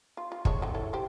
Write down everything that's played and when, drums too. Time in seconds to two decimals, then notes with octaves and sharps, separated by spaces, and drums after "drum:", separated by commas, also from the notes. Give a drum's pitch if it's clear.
0.17 F4
0.32 F4
0.45 G#3 D4 C#5, drum: kick
0.62 D3 E3 C4
0.74 E4 A4 C#5
0.93 G4 C5